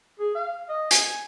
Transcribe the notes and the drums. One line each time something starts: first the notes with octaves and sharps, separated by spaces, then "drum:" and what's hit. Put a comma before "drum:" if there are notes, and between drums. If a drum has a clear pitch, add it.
G#4
F5
D#5
G#5, drum: hi-hat